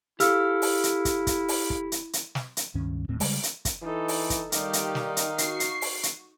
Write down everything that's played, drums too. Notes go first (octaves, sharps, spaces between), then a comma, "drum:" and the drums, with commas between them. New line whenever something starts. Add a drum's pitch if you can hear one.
E4 G4 A4 F5 E6 F6, drum: hi-hat
drum: open hi-hat
drum: hi-hat
drum: kick, hi-hat
drum: kick, hi-hat
drum: open hi-hat
drum: kick
drum: hi-hat
drum: hi-hat
drum: snare
drum: hi-hat
C#2 G2 D#3 C#4
D#1 D#2 A2 C4
C#3 G3 G#3, drum: open hi-hat
drum: hi-hat
drum: kick, hi-hat
E3 D#4 A4
drum: open hi-hat
drum: kick, hi-hat
D#3 G3 D#4 G4 D5 F5, drum: hi-hat
drum: hi-hat
drum: snare
drum: hi-hat
F#4 C#6 C7, drum: hi-hat
drum: hi-hat
drum: open hi-hat
drum: hi-hat